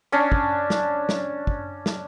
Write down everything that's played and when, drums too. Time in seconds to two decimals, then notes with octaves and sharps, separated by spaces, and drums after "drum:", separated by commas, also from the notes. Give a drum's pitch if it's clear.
0.12 C#4 D4
0.32 drum: kick
0.70 drum: snare
1.09 drum: snare
1.47 drum: kick
1.86 drum: snare